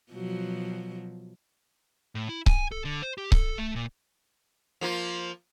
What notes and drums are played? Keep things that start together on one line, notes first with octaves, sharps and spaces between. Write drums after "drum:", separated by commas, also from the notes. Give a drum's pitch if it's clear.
B2 F3 F#3
A2
E4
G#5, drum: kick C#1
A4
D3
C5
G4
A4, drum: kick C#1
A3
A#2
F3 A#3 F4